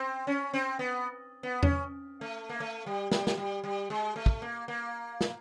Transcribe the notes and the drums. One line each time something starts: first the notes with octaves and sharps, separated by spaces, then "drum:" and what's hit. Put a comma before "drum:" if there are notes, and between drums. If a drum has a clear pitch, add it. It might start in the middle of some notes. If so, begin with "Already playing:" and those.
Already playing: C4
C#4
C4
B3
B3
C#4, drum: tom E2
A3
A#3
A3
G3
G3, drum: snare
drum: snare
G3
G3
G#3
A3
drum: kick
A#3
A#3
drum: snare